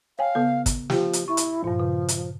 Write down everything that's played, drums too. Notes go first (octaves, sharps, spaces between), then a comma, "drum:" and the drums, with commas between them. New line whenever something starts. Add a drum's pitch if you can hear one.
C#5 F5 G5 G#5
C#3 B3 A4
drum: kick, hi-hat
F3 G4 G5, drum: snare
drum: hi-hat
E4 C#6
drum: hi-hat
G2 A#2 F3
C#3
drum: hi-hat